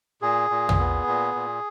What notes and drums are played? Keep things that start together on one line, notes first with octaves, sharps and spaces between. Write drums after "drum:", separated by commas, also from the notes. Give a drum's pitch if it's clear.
A#2 G#4
A#2
drum: tom
B3
A#2
A#2